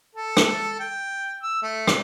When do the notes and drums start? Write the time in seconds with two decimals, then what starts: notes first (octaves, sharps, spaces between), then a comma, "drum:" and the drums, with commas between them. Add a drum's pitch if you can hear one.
0.15 A4
0.37 drum: rim click
0.80 G5
1.43 E6
1.62 A3
1.87 drum: rim click